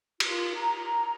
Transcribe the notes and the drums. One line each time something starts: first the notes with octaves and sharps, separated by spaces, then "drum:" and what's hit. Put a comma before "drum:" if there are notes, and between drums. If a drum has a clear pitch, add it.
F4, drum: cymbal
A#5